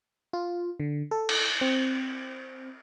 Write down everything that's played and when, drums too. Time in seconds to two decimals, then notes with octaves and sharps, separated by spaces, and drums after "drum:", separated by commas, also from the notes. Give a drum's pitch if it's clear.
0.33 F4
0.80 D3
1.11 A4
1.29 drum: cymbal
1.61 C4